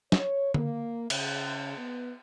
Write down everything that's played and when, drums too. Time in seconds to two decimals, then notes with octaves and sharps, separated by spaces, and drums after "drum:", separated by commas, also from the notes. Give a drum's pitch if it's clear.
0.12 C#5, drum: snare
0.54 A#3, drum: tom D3
1.10 C#3, drum: cymbal
1.77 B3